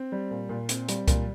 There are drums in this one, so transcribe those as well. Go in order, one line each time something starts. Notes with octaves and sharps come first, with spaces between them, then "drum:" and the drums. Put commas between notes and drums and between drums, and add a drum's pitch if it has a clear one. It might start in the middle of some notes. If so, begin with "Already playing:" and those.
Already playing: C4
G3
A#2
A#2
C4, drum: hi-hat
G3, drum: hi-hat
A#2, drum: kick C2, hi-hat